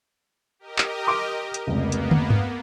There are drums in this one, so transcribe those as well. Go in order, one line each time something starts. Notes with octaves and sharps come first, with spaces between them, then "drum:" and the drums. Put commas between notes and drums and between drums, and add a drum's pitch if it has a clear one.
G4 A#4 D#5
drum: clap
C6 D6 D7
drum: hi-hat
F1 C#2 A#3 B3
drum: hi-hat
drum: tom
drum: tom G2